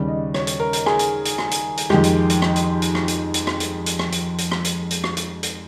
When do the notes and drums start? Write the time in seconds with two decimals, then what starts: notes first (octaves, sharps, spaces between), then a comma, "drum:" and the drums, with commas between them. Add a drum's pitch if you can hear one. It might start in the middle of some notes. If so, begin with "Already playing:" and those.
Already playing: D#2 C#3 G3
0.08 D#5
0.34 C#5, drum: rim click
0.47 drum: hi-hat
0.60 A#4
0.73 drum: hi-hat
0.86 G#4, drum: rim click
0.99 drum: hi-hat
1.25 drum: hi-hat
1.38 drum: rim click
1.51 drum: hi-hat
1.77 drum: hi-hat
1.90 F2 D#3 G#3 G4, drum: rim click
2.04 drum: hi-hat
2.30 drum: hi-hat
2.42 D#4, drum: rim click
2.56 drum: hi-hat
2.82 drum: hi-hat
2.95 drum: rim click
3.08 drum: hi-hat
3.34 drum: hi-hat
3.47 drum: rim click
3.60 drum: hi-hat
3.86 drum: hi-hat
3.99 drum: rim click
4.12 drum: hi-hat
4.38 drum: hi-hat
4.51 drum: rim click
4.64 drum: hi-hat
4.91 drum: hi-hat
5.04 drum: rim click
5.17 drum: hi-hat
5.43 drum: hi-hat